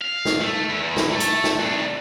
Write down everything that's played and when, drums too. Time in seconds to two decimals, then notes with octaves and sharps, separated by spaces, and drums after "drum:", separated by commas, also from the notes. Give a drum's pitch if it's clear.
0.02 F5
0.25 drum: snare
0.41 A3
0.69 E2
0.96 drum: snare
1.11 A3 A4
1.20 drum: hi-hat
1.44 drum: snare
1.59 C3 D4